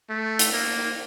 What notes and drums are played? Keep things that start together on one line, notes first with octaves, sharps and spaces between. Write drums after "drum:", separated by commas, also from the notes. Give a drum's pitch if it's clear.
A3
drum: hi-hat
A#3